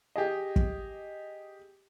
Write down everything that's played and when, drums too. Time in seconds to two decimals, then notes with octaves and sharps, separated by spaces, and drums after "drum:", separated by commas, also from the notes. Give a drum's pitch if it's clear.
0.16 G4 G#4 D#5
0.56 drum: kick